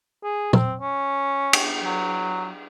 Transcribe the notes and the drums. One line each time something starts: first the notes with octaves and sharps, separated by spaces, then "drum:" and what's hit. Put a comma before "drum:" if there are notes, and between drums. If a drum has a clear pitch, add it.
G#4
C4, drum: tom A#2
C#4
drum: cymbal
F#3